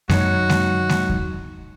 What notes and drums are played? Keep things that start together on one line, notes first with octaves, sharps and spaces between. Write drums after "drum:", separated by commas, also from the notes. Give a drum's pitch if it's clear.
F#2 F#3 D#4 F#4 C#5, drum: snare G#3
drum: snare G#3
drum: snare G#3
drum: kick D#2